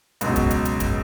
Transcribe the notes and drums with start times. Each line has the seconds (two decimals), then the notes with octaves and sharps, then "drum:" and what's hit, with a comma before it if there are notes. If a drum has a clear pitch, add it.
0.21 C#2 B2 F#3, drum: hi-hat
0.36 drum: kick, hi-hat
0.51 drum: hi-hat
0.65 drum: hi-hat
0.80 drum: kick, hi-hat